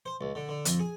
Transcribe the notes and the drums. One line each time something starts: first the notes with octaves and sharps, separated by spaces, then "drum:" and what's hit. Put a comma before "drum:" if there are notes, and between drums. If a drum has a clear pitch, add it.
C5
C#2
D3
D3
F2, drum: hi-hat
G#4